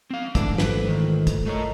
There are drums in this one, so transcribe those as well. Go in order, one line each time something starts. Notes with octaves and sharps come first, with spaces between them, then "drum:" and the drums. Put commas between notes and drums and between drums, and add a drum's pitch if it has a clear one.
C4 F5
G#2 E3 A3 D4 E4, drum: kick, hi-hat
F4 A4 B4 C5, drum: snare
D#3
drum: kick, hi-hat
A3 A4 A#4 C#5 D#5 A#5